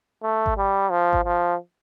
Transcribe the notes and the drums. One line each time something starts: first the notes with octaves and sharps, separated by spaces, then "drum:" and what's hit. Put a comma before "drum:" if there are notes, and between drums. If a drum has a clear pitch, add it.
A3
drum: kick G#1
G3
F3
drum: kick G#1
F3